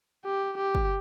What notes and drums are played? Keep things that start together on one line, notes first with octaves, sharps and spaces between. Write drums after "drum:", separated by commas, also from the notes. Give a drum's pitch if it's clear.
G4
G4
drum: kick